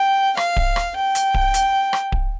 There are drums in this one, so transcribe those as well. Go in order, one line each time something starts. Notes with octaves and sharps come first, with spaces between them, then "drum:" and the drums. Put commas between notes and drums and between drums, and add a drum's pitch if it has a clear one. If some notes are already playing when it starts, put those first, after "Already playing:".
Already playing: G5
F5, drum: rim click
drum: kick D1
drum: rim click
G5
drum: hi-hat
drum: kick D1
drum: hi-hat
drum: rim click
drum: kick D1